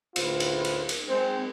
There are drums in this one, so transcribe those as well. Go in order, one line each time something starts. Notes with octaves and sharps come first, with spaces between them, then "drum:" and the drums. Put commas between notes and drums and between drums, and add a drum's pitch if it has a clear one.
D2 A2 F4 B4 C5, drum: cymbal
drum: cymbal
drum: cymbal
drum: cymbal
G#3 C4